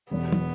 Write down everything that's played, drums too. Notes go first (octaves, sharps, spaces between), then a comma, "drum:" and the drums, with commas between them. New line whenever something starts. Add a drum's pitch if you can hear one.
E1 E2 B2 B3
drum: tom